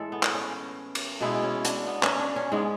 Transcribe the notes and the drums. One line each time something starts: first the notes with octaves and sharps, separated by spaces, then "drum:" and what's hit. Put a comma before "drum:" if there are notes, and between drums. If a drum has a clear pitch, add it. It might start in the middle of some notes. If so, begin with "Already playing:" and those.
Already playing: A2 E3 G#3 A4
B3
drum: clap
C#4
drum: cymbal
B2 G#3 B3 E4
C#4
D4, drum: hi-hat
B3
C#4, drum: clap
D4
C#4
G#2 G#3 B3 C#4